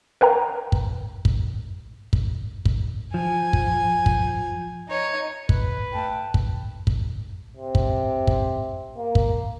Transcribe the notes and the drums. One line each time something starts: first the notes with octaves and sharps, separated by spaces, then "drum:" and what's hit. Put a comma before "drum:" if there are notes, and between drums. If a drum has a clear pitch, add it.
A#4 B4 G5 A#5
drum: kick
drum: kick
drum: kick
drum: kick
F3 G#5
drum: kick
drum: kick
D#4 C#5
B4, drum: kick
A3 G5 A5
drum: kick
drum: kick
C3
drum: kick
drum: kick
A#3
drum: kick